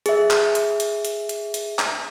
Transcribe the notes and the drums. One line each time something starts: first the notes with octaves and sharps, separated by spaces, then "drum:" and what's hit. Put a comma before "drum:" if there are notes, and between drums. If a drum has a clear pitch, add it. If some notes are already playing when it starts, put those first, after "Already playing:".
G#4 E5, drum: hi-hat
drum: clap
drum: hi-hat
drum: hi-hat
drum: hi-hat
drum: hi-hat
drum: hi-hat
drum: clap